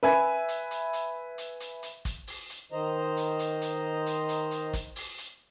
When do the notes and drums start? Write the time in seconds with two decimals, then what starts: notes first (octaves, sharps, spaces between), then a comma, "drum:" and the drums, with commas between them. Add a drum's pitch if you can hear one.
0.03 B4 E5 G#5
0.48 drum: hi-hat
0.71 drum: hi-hat
0.93 drum: hi-hat
1.38 drum: hi-hat
1.60 drum: hi-hat
1.83 drum: hi-hat
2.05 drum: kick, hi-hat
2.27 drum: open hi-hat
2.50 drum: hi-hat
2.72 D#3 C5 D#5 A#5
3.17 drum: hi-hat
3.39 drum: hi-hat
3.62 drum: hi-hat
4.06 drum: hi-hat
4.29 drum: hi-hat
4.51 drum: hi-hat
4.73 drum: kick, hi-hat
4.96 drum: open hi-hat
5.18 drum: hi-hat